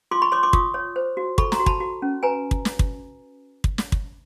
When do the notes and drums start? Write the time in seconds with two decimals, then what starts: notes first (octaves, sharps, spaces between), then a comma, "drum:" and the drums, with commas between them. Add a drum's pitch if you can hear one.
0.11 F4 C6 D6
0.22 B5 C#6
0.32 C#5 C6 D6
0.43 C6 D6
0.53 F4 C#6 D#6, drum: kick
0.74 C#5
0.96 C5
1.17 F#4
1.38 A4 B5 C#6, drum: kick
1.52 A#5 C6, drum: snare
1.60 F#4
1.66 A5 B5, drum: kick
1.80 F#4
2.02 C#4
2.23 B4 G#5 A#5
2.51 drum: kick
2.65 drum: snare
2.79 drum: kick
3.64 drum: kick
3.78 drum: snare
3.92 drum: kick